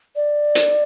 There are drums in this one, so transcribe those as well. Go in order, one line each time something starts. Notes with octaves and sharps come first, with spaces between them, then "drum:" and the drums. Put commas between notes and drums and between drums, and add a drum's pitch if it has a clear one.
D5
drum: hi-hat